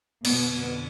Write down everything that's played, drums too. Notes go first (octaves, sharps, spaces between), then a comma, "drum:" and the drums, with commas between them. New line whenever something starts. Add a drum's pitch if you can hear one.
F2 B2 D3 B3, drum: cymbal